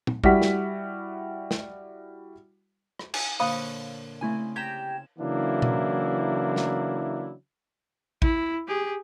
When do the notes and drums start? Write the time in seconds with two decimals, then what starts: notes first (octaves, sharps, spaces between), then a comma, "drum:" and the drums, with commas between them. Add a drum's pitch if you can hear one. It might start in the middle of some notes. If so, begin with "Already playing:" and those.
0.07 drum: tom
0.24 G3 E4 F#4 F#5 B6, drum: kick
0.42 drum: snare
1.51 drum: snare
2.99 drum: rim click
3.14 G#5 D#6, drum: cymbal
3.40 A#2 D3 C5 C#5 F5 B5 D#6, drum: open hi-hat
4.21 C#3 A3 C4 E4 G#5
4.56 G4 G5 A#5 G#6 E7
5.19 C#3 E3 F#3 A#3 D4 E4
5.62 drum: tom B2
6.56 drum: snare
8.22 E4, drum: kick
8.68 G4 G#4